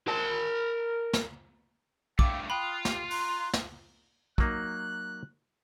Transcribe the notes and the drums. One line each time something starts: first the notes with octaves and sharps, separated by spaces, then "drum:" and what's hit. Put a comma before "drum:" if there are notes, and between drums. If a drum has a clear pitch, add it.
A#4 A5
drum: snare
G2 A3 F5 G5 D6, drum: kick
F4 G5 B5 D#6 F#6
G4, drum: snare
A#5 C6 F#6, drum: open hi-hat
drum: snare
F#3 A#3 D#4 F#6, drum: kick